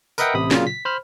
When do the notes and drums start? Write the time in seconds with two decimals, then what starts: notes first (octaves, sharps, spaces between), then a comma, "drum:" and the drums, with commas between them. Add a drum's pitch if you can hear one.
0.18 A#4 B4 D#5 E5 F#5 G5, drum: tambourine
0.34 A1 C3 B5 D#6
0.51 A#2 C#3 F#3 F4, drum: snare
0.67 B6
0.85 C5 B5 F6